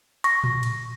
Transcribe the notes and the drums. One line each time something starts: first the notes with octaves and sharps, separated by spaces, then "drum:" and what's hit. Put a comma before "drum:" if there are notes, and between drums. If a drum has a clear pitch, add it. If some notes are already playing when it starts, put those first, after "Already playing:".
C#6 A#6, drum: cymbal
drum: tom A2
drum: cymbal